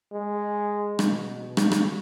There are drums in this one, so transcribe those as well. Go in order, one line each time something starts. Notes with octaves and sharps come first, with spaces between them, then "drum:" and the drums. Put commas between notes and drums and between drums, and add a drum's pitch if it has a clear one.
G#3
B2, drum: rim click
drum: rim click
drum: rim click